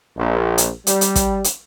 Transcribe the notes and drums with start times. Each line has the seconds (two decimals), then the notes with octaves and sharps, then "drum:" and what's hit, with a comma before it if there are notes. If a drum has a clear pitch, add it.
0.17 A#1
0.58 drum: hi-hat
0.87 G3, drum: hi-hat
1.01 drum: hi-hat
1.15 drum: kick, hi-hat
1.44 drum: hi-hat